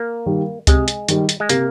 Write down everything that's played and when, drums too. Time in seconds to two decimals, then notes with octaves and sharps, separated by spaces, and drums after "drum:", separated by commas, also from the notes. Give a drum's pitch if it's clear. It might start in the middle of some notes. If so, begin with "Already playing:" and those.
Already playing: A#3
0.26 D#3 G3
0.67 C3 G#3, drum: kick C#2, hi-hat
0.88 drum: hi-hat
1.08 D#3 G3, drum: hi-hat
1.29 drum: hi-hat
1.40 G#3
1.49 C3 A#3, drum: hi-hat